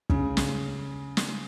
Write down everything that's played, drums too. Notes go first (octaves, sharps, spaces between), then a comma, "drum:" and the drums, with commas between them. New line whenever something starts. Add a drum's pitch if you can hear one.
C#3, drum: kick
drum: snare
drum: snare